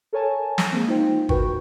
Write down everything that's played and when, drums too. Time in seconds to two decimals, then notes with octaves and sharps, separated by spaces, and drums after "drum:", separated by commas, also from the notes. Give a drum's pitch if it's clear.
0.13 A4 A#4 C#5 G#5 A5
0.58 drum: snare
0.72 G#3 A#3 C4
0.87 A#3 D#4 F4 C5 G5
1.29 F#4 A#4 B4 G5 C#6, drum: kick